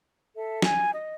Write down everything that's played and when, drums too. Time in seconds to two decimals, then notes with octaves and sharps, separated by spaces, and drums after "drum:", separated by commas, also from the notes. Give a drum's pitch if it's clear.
0.36 A4 E5
0.62 G#5, drum: snare
0.93 D#5